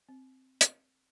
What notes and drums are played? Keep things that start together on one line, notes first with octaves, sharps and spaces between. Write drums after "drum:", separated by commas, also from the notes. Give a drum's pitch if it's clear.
C4
drum: hi-hat